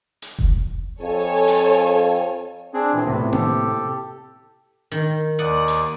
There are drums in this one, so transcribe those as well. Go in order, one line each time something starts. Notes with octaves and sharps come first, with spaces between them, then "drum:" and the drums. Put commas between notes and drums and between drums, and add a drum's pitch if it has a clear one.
drum: hi-hat
drum: kick F1
F2 A4 C#5 G#5
drum: hi-hat
C4 D4 G#4
A#2 E3
A2 C3 E3 B3
G4 A4, drum: tom A#3
D#3
D#2 D5 F#5 D#6
drum: hi-hat